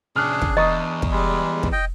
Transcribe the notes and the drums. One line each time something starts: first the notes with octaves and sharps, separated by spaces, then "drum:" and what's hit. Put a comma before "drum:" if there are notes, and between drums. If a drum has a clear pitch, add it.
A#2 C#3 D4 G#4 F6 F#6
drum: kick
E2 D4 D#5 A#5 C#6 D#6
drum: kick
G3 G#3
drum: kick
D#5 G5